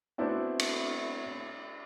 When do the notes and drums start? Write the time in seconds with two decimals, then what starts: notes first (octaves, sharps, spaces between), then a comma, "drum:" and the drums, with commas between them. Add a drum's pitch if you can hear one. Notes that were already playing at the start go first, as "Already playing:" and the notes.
0.18 A3 B3 C4 D4 E4 F#4
0.60 drum: cymbal